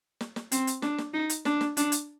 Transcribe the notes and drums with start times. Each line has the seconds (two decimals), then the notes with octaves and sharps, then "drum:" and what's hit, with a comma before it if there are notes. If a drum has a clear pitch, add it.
0.21 drum: snare
0.36 drum: snare
0.52 C4, drum: hi-hat
0.67 drum: hi-hat
0.82 D4, drum: snare
0.98 drum: snare
1.14 D#4
1.30 drum: hi-hat
1.45 D4, drum: snare
1.61 drum: snare
1.77 D4, drum: hi-hat
1.92 drum: hi-hat